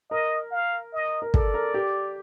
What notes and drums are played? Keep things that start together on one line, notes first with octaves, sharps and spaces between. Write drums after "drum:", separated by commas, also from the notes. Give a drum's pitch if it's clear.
A#4 D#5
F5
D#5
A#4
A4 D5, drum: kick
A#4
G4